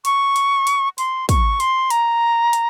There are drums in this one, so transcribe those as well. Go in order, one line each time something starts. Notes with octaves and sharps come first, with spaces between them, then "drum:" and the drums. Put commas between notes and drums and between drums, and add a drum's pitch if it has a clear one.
C#6, drum: hi-hat
drum: hi-hat
drum: hi-hat
C6, drum: hi-hat
C#6, drum: kick, hi-hat
C6, drum: hi-hat
A#5, drum: hi-hat
drum: hi-hat